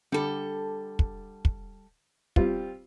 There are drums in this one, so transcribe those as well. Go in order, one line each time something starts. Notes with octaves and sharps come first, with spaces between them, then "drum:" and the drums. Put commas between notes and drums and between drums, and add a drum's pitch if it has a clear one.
D3 G3 A4
drum: kick
drum: kick
G3 C4 F4, drum: kick